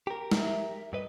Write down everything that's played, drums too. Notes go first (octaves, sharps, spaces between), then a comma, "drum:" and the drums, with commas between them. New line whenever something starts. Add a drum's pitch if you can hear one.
G4 A#4
E5, drum: snare
G2 B4 D#5